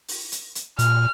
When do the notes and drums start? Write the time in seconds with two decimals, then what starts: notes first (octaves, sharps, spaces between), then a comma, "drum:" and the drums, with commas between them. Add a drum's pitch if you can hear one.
0.08 drum: open hi-hat
0.32 drum: hi-hat
0.55 drum: hi-hat
0.79 A#2 F6, drum: hi-hat